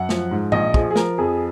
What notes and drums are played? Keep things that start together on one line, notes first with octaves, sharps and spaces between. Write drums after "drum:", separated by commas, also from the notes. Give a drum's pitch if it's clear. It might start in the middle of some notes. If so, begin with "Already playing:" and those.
Already playing: F#2 F#5
F3, drum: snare
G#2
A#1 D#5, drum: tom G#2
F3 G#4, drum: kick
G#4
F3 A#4, drum: snare
F2 G#4